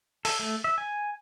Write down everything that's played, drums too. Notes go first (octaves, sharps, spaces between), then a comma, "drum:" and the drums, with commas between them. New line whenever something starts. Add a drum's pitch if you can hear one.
A4, drum: open hi-hat
A3
E5
G#5